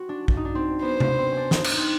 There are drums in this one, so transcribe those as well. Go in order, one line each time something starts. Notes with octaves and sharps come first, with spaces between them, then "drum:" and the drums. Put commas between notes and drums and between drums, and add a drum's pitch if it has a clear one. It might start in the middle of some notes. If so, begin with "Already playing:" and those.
Already playing: C4 F#4
D4
D4, drum: kick
D#4
D4
C4
B3 C5
B3, drum: tom C3
C4
C#4
D4
D#4, drum: snare
D#4, drum: cymbal
C4